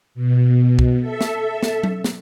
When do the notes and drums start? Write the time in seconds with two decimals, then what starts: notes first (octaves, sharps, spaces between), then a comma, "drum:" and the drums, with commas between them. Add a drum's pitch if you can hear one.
0.15 B2
0.79 drum: kick C2
1.00 A4 E5
1.21 drum: snare
1.63 drum: snare
1.83 drum: tom F#3
2.04 drum: snare